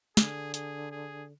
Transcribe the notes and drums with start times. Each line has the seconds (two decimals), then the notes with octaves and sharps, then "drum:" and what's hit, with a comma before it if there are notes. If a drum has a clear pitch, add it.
0.17 D3 G#4, drum: snare
0.54 G#4, drum: hi-hat
0.91 G#4